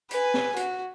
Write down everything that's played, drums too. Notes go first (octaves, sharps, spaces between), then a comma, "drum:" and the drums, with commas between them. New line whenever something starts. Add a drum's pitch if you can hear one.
B4 G#5, drum: hi-hat
drum: snare
F#4, drum: hi-hat